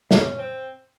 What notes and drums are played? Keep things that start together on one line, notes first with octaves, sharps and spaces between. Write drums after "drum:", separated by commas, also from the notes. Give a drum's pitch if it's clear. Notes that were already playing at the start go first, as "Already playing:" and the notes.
B2 C#4, drum: snare
C4